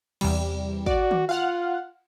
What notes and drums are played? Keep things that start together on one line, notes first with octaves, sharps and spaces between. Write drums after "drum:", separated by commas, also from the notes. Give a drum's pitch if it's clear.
E2 C3 G3, drum: cymbal
F#4 D5, drum: kick
drum: tom D#3
F4 F5 F#5 F6